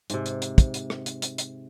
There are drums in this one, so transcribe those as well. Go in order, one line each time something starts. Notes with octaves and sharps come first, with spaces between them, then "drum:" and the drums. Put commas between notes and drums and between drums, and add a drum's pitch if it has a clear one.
G#2 C3, drum: hi-hat
drum: hi-hat
drum: hi-hat
drum: kick, hi-hat
drum: hi-hat
drum: rim click
drum: hi-hat
drum: hi-hat
drum: hi-hat